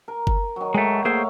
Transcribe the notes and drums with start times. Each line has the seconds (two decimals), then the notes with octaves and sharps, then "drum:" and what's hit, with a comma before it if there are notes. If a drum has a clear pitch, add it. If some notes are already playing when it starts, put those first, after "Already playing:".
0.08 A#4
0.27 drum: kick F#1
0.56 D#3 F#3
0.74 A2 G#3 A3 A#5
1.05 A#3 G#4 C5 C#5 E5 F5